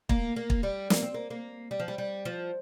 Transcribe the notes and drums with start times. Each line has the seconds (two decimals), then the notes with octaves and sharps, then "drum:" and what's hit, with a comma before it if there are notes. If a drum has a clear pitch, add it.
0.09 A#3, drum: kick
0.36 A#3
0.50 drum: kick
0.63 G3
0.90 A#3, drum: snare
1.02 C4
1.14 A#3
1.30 A#3
1.71 G3
1.80 F3
1.88 G3
1.98 G3
2.25 F3